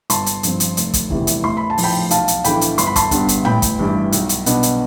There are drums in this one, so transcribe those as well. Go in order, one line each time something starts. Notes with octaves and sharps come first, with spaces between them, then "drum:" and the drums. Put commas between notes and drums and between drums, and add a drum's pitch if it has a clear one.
G1 A5 C6, drum: hi-hat
drum: hi-hat
G2 F3 C4, drum: hi-hat
drum: hi-hat
F1, drum: hi-hat
drum: kick, hi-hat
E2 C3 E3 G3, drum: kick
drum: hi-hat
A1 C6
B5
A5
A2 F3, drum: open hi-hat
G5 B5
B1 F5 A5, drum: hi-hat
drum: hi-hat
A2 E3 A3 D4 G5 B5, drum: hi-hat
drum: hi-hat
G1 C6, drum: hi-hat
B5
A5 C6, drum: kick, hi-hat
G2 D3 G3 B3, drum: kick, hi-hat
drum: hi-hat
A1 G5 B5, drum: tom
drum: kick, hi-hat
G2 E3 G3
B1, drum: hi-hat
drum: hi-hat
B2 B3 D4, drum: hi-hat
drum: hi-hat